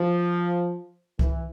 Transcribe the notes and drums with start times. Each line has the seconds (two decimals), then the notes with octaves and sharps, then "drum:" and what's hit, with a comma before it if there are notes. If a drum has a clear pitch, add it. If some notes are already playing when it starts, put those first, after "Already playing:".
Already playing: F3
1.19 E3, drum: kick C2